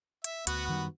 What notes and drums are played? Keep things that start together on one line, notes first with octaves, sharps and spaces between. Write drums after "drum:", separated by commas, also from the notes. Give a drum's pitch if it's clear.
E5, drum: hi-hat
D2 B3 F#4, drum: hi-hat
F#2 D#3 G3